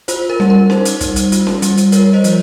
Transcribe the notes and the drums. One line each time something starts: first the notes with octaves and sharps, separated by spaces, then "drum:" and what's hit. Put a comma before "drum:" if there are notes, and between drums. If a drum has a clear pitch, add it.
F4 C5, drum: hi-hat
A#4
G3, drum: snare C#4
A#4
D#4 C5, drum: snare C#4
drum: hi-hat
G3, drum: kick, hi-hat
drum: hi-hat
F4, drum: hi-hat
drum: snare C#4
G3, drum: hi-hat
drum: hi-hat
F4 A#4 C#5, drum: hi-hat
C5 D#5
F3, drum: hi-hat